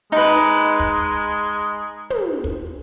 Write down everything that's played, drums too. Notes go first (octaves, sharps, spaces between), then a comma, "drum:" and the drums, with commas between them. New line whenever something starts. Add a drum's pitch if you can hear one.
G#3 D#4 B4
drum: kick
drum: tom
drum: kick